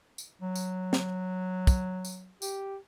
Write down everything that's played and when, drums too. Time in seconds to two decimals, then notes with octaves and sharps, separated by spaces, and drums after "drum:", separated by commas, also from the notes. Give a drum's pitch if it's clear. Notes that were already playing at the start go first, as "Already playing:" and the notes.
0.18 drum: tambourine
0.42 F#3
0.56 drum: tambourine
0.93 drum: snare
1.67 drum: kick, tambourine
2.05 drum: tambourine
2.42 G4, drum: tambourine